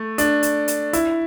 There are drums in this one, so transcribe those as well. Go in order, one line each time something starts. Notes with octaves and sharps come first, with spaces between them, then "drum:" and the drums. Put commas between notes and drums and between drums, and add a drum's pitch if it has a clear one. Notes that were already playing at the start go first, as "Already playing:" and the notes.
Already playing: A3
D4, drum: hi-hat
drum: hi-hat
drum: hi-hat
E4, drum: hi-hat